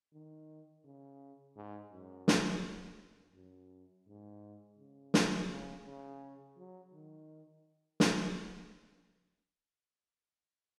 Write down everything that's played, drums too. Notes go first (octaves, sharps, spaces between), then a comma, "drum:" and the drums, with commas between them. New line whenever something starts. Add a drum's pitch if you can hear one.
D#3
C#3
G#2
F#2
drum: snare
F#2
G#2
C#3
drum: snare
C#3
C#3
F#3
D#3
drum: snare